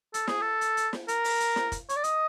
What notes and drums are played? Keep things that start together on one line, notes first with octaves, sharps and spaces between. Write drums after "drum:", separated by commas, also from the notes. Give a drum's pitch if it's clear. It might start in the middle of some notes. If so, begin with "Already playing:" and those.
A4, drum: hi-hat
G#4, drum: snare
A4
drum: hi-hat
drum: hi-hat
drum: snare
A#4, drum: hi-hat
drum: open hi-hat
drum: hi-hat
drum: snare
drum: kick, hi-hat
C#5, drum: hi-hat
D5
D#5, drum: hi-hat